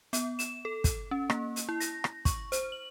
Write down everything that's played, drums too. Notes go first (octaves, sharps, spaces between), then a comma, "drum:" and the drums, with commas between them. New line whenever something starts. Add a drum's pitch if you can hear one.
B3, drum: hi-hat
E7, drum: hi-hat
A4
drum: kick, hi-hat
C#4
A#3, drum: rim click
drum: hi-hat
E4
A#6, drum: hi-hat
drum: rim click
C#6, drum: kick, hi-hat
C5, drum: hi-hat
F#7